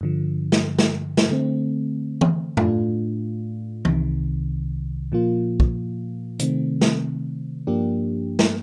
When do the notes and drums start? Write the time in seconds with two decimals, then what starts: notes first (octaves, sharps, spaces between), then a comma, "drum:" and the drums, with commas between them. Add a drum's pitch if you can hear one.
0.01 G2 D3 F3
0.52 drum: snare
0.78 drum: snare
1.17 drum: snare
1.29 D3 A3 C4
2.21 drum: tom E3
2.57 A2 A3 D4 F4, drum: tom F2
3.85 C2 C3 D#3, drum: tom E3
5.12 A#2 F3 A#3 F4
5.60 drum: kick
6.39 C3 D#3 A3 C4, drum: hi-hat
6.81 drum: snare
7.67 G2 F3 A#3 D4 G4
8.39 drum: snare